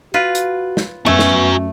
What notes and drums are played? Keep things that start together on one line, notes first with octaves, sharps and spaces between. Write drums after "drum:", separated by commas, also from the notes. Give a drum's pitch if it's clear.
F4 F#4 B4
drum: hi-hat
drum: snare
F#2 A3 B3 F#4 G#5
drum: snare